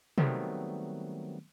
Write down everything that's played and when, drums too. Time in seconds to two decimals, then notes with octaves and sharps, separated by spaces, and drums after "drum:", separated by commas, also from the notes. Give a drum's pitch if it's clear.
0.18 D#3 F#3 G3 A3 B3 C4, drum: tom C3